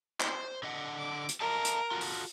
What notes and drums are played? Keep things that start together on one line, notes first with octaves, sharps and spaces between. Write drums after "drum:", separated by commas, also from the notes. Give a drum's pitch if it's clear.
C5, drum: clap
D3 D#5 F#5
D6
drum: hi-hat
A#4 D#5 F5 A5
drum: hi-hat
F4 F#4 A4
drum: open hi-hat